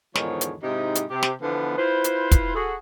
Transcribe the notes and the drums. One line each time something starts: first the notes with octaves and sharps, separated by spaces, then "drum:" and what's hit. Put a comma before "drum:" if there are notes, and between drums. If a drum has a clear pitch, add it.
E2 G#2 D3 D#3 F3 C#5, drum: snare
drum: hi-hat
G#2 C3 G#3 D#4 E4 G4
drum: hi-hat
C3 G4
drum: snare
D3 E3 F3 B3
E4 F4 B4 C5
drum: hi-hat
drum: kick, hi-hat
F#4 G#4 A4